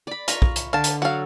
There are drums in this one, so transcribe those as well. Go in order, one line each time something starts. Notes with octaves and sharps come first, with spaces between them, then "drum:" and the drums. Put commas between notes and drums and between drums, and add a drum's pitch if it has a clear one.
D5 B5
F4 A#5 B5 C#6, drum: hi-hat
drum: kick
drum: hi-hat
D3 F5 A5
drum: hi-hat
F#3 A4 F5 F#5